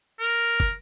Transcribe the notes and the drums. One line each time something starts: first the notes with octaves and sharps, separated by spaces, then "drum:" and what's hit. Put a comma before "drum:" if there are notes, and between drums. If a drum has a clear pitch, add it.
A#4
drum: kick